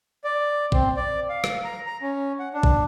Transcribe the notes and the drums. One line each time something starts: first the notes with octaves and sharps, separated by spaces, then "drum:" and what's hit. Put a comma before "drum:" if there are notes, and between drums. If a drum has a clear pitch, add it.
D5
C4, drum: kick A#1
D5
F5
drum: rim click
A#5
A#5
C#4
F#5
D4
drum: kick A#1